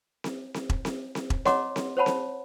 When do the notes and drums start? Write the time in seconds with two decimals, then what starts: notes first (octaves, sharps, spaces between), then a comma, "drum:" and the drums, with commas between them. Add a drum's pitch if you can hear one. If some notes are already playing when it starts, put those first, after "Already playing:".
0.24 drum: snare C4
0.54 drum: snare C4
0.70 drum: kick E1
0.85 drum: snare C4
1.15 drum: snare C4
1.30 drum: kick E1
1.45 C#5 D#5 F#5 A#5 C6 D6, drum: snare C4
1.76 drum: snare C4
1.97 C5 C#5 F#5 A5 B5
2.06 drum: snare C4